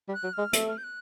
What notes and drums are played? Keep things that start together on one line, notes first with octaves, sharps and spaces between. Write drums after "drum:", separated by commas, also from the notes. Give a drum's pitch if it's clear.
G3
F#6
F#3
F6
G#3
A3 E6, drum: hi-hat
F6
G6
F#6